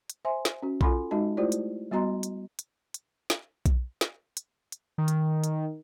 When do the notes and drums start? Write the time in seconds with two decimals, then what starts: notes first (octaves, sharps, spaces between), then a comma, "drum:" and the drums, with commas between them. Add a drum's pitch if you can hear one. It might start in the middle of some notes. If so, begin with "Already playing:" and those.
0.10 drum: hi-hat
0.25 C5 E5 G#5 C6
0.45 drum: snare
0.62 C#4 F#4
0.81 F4 A4 F#5 G#5 B5 C6, drum: kick B1
1.11 G#3 D#4 F#4 D#5 A5
1.37 A3 E4 F4 G4 C5 D5
1.52 drum: hi-hat
1.91 G3 B3 F#4 D#5 A#5 C6
2.23 drum: hi-hat
2.59 drum: hi-hat
2.94 drum: hi-hat
3.30 drum: snare
3.66 drum: kick B1, hi-hat
4.01 drum: snare
4.37 drum: hi-hat
4.72 drum: hi-hat
4.98 D#3
5.08 drum: hi-hat
5.44 drum: hi-hat